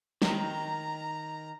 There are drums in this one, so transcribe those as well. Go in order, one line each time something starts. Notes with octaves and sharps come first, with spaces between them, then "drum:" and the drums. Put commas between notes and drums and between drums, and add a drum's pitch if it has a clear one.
D#3 A#5, drum: snare